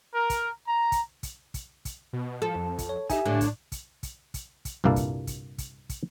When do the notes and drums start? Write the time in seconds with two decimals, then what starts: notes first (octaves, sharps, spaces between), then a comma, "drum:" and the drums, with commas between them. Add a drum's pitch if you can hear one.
0.14 A#4
0.30 drum: kick, hi-hat
0.67 A#5
0.92 drum: kick, hi-hat
1.23 drum: kick, hi-hat
1.54 drum: kick, hi-hat
1.85 drum: kick, hi-hat
2.13 B2
2.42 F3 A4
2.56 F2
2.78 drum: kick, hi-hat
2.89 C#5
3.10 D#4 G4 E5 G#5, drum: kick, hi-hat
3.26 A2 D3 D4
3.41 drum: kick, hi-hat
3.72 drum: kick, hi-hat
4.03 drum: kick, hi-hat
4.34 drum: kick, hi-hat
4.65 drum: kick, hi-hat
4.84 C2 G2 A#2 A#3 E4 A4
4.96 drum: kick, hi-hat
5.27 drum: kick, hi-hat
5.58 drum: kick, hi-hat
5.89 drum: kick, hi-hat